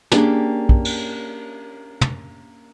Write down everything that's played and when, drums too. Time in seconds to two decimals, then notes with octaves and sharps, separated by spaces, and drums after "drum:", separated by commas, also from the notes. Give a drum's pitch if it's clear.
0.12 A#3 C#4 D4 G4 G#4, drum: snare
0.69 drum: kick
0.85 drum: cymbal
2.01 drum: tom